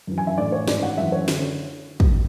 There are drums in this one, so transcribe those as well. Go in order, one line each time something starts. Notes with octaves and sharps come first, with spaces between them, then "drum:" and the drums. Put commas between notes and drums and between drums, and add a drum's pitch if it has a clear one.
F#2 E3
G#5
E5
A2 E3 D5
C#5
G#2 E3 D5, drum: snare
F#5
F#2 E3 E5
C#5
D3, drum: snare
drum: kick